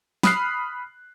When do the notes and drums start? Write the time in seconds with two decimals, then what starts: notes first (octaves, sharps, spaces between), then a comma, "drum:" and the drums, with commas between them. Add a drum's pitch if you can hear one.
0.23 B5 D#6 F6 F#6 C7, drum: snare